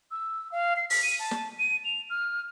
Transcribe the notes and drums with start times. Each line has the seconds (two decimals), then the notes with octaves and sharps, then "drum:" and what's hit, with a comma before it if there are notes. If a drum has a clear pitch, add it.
0.11 E6
0.52 F5
0.76 C7
0.90 B6, drum: open hi-hat
1.03 D#7
1.19 A5
1.31 drum: snare
1.59 D#7
1.84 F7
2.10 F6